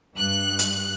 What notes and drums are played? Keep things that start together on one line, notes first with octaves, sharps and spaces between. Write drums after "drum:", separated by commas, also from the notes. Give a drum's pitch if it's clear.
G2 F#6
drum: hi-hat